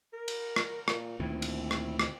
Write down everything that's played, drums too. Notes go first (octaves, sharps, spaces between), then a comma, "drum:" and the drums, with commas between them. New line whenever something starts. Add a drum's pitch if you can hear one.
A#4
drum: cymbal
drum: rim click
A#2, drum: rim click
D2 A#2 D#3 C4 E4
drum: cymbal
drum: rim click
drum: rim click